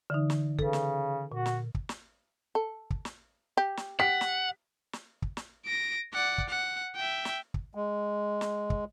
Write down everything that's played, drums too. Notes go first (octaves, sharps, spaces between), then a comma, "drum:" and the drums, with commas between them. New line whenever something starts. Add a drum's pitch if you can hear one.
D3 E3 D#4
drum: snare
C#3 A4 B4, drum: kick
drum: snare
A#2 F#4
drum: snare
drum: kick
drum: snare
A4
drum: kick
drum: snare
G4
drum: snare
G4 F#5 B6
drum: snare
drum: snare
drum: kick
drum: snare
A#6 D7
D5 F#5
drum: kick
F#5
E5 G5
drum: snare
drum: kick
G#3
drum: snare
drum: kick